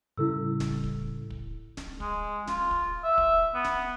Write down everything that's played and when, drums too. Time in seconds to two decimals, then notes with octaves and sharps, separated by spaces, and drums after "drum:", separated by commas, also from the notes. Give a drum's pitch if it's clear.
0.17 A2 C#3 G3 E4 A4 E6
0.60 drum: snare
0.84 drum: kick
1.30 drum: kick
1.77 drum: snare
2.00 G#3, drum: kick
2.47 F4, drum: snare
2.71 drum: kick
3.04 E5
3.18 drum: kick
3.54 B3
3.65 drum: snare